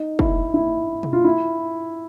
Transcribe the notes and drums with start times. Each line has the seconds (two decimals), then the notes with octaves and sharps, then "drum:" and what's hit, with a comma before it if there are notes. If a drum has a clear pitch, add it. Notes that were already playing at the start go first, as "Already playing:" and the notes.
Already playing: D#4
0.19 E4, drum: kick
0.54 E4
1.03 drum: tom B2
1.13 F4
1.24 E4